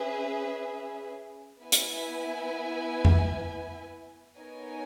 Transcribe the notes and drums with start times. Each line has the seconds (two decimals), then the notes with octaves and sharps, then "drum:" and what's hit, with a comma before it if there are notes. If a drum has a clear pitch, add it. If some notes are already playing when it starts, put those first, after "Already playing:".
Already playing: C#4 G#4 B4 E5
1.62 B3 E4 B4 E5 G#5
1.72 drum: hi-hat
3.05 drum: tom F2
4.37 B3 D#4 A#4 C#5 G#5